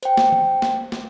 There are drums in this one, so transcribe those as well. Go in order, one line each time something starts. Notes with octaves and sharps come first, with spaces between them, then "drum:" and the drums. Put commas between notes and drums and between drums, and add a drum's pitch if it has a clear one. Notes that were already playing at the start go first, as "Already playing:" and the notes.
C5 G5, drum: hi-hat
drum: snare
drum: tom E3
drum: snare
drum: snare